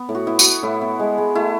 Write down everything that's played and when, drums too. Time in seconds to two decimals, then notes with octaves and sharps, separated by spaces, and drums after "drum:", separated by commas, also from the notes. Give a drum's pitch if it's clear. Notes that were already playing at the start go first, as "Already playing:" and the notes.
Already playing: B3
0.09 A2
0.15 F#4
0.27 B3 E4
0.39 F#4, drum: tambourine
0.45 B3
0.63 A2 E4
0.81 B3
0.99 G#3
1.18 G#3
1.35 A3 E4